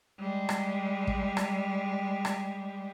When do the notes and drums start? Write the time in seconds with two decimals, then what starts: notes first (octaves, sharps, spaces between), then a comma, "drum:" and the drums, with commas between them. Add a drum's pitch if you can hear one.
0.19 G3 G#3
0.49 drum: rim click
1.07 drum: kick
1.37 drum: rim click
2.25 drum: rim click